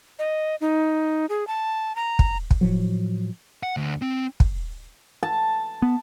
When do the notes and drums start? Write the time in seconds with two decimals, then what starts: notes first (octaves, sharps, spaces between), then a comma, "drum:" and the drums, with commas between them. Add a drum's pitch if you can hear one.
0.19 D#5
0.61 D#4
1.29 G#4
1.47 A5
1.96 A#5
2.19 drum: kick
2.51 drum: kick
2.61 A2 F3 F#3
3.63 F#5
3.77 D2
4.02 C4
4.40 drum: kick
5.23 A5
5.82 B3